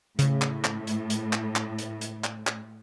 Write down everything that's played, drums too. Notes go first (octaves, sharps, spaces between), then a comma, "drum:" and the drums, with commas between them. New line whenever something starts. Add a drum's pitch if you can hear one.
A2 C#3, drum: hi-hat
drum: clap
drum: clap
drum: hi-hat
drum: hi-hat
drum: clap
drum: clap
drum: hi-hat
drum: hi-hat
drum: clap
drum: clap